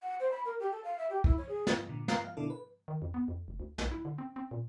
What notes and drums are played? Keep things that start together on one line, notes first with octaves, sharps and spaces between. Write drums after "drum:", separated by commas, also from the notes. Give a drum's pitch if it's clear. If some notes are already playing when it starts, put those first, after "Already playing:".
F#5
C5
B5
A#4
G4
A4
F5
E5
G4
E4, drum: kick
C#5
G#4
drum: snare
A#2 D3
F5 A#5 F#6 C7, drum: snare
F5
B2 D3 D4 E4 A4
B4
D#3
F2
B3
F2
F1
D2
B1, drum: snare
E4
D3
C4
C4
A#2